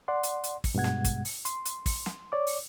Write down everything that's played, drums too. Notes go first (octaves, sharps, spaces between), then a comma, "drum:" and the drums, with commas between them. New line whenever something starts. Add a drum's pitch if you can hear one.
D5 F#5 C6
drum: hi-hat
drum: hi-hat
drum: kick, open hi-hat
G2 B2 G#3 F#5 G#6
drum: snare
drum: kick, hi-hat
drum: open hi-hat
C6, drum: hi-hat
drum: hi-hat
drum: kick, open hi-hat
drum: snare
C#5 D5 D6
drum: open hi-hat